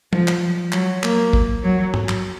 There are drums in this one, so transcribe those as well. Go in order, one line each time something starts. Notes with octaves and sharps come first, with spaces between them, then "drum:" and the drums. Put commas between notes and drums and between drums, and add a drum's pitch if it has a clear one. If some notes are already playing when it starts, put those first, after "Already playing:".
F3, drum: tom
drum: clap
F#3, drum: clap
A#3, drum: clap
drum: kick
F#3
drum: tom
drum: clap